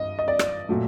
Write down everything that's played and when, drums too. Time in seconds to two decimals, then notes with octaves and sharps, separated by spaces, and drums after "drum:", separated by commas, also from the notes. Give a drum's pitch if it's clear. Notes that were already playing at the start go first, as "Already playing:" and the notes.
Already playing: G2 D#5
0.19 D#5
0.28 D5
0.39 drum: rim click
0.69 A#2 F#3 A3